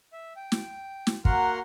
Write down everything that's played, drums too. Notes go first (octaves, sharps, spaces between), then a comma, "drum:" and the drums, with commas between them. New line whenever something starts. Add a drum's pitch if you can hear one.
E5
G5
drum: snare
drum: snare
A#3 F#4 A#4 F#5 C6 F6, drum: kick